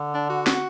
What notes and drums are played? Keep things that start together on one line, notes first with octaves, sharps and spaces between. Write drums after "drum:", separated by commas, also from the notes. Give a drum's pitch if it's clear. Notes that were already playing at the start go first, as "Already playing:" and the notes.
Already playing: D3
D4
F#4
F#4, drum: snare